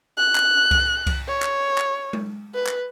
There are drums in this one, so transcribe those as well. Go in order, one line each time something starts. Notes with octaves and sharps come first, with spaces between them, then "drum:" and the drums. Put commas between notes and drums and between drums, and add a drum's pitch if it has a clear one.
F#6
drum: clap
drum: kick C2, cymbal
drum: kick C2, cymbal
C#5
drum: clap
drum: clap
drum: tom G#3
B4
drum: clap